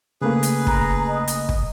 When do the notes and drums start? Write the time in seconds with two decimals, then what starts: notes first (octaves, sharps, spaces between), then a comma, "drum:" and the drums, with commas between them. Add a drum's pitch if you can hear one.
0.21 C#3 A3 A#3 G#4 B4
0.43 drum: hi-hat
0.67 A#5, drum: kick
1.08 D#5
1.28 drum: hi-hat
1.49 drum: kick